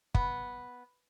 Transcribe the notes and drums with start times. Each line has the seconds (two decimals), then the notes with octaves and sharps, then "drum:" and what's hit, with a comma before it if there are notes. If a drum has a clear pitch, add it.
0.15 B3, drum: kick